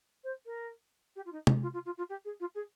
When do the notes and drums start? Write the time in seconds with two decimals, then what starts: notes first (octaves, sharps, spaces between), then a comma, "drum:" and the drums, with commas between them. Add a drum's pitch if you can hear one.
0.24 C5
0.46 A#4
1.16 G4
1.25 F4
1.32 D#4
1.47 D#4, drum: tom
1.62 F4
1.73 F4
1.85 F4
1.97 F4
2.09 G4
2.25 G#4
2.40 F4
2.55 G#4